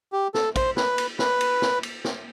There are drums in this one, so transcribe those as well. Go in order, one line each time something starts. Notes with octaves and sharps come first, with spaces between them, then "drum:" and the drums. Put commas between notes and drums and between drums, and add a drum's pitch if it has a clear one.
G4
A4, drum: snare
C5, drum: kick, cymbal
B4, drum: snare
drum: cymbal
B4, drum: snare
drum: cymbal
drum: snare
drum: cymbal
drum: snare